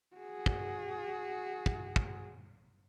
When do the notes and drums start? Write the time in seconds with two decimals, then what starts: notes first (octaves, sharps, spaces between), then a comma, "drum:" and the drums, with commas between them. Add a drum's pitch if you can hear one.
0.16 F#4 G#4
0.46 drum: kick
1.66 drum: kick
1.96 drum: kick